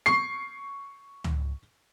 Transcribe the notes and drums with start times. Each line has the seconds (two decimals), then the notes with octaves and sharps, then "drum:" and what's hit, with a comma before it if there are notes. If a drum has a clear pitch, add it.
0.06 C#6 C7
1.24 drum: tom C#2